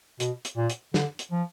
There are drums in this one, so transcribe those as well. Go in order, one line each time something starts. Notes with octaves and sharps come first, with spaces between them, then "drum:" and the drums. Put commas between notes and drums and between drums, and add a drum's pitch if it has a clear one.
B2, drum: hi-hat
drum: hi-hat
A#2
drum: hi-hat
D3, drum: snare
drum: hi-hat
F3